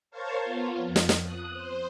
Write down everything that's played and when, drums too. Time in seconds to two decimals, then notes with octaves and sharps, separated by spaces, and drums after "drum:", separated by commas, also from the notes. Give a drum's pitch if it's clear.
0.11 A#4 C5 C#5 F5 A5 C#6
0.43 B3 F4
0.76 F2
0.96 drum: snare
1.09 drum: snare
1.23 D#6 F#6
1.53 C5